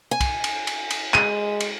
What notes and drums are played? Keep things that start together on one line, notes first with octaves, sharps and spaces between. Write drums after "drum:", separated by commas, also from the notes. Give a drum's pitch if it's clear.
G#5
drum: kick C2, cymbal
drum: cymbal
drum: cymbal
drum: cymbal
G#3 D#7, drum: clap
drum: cymbal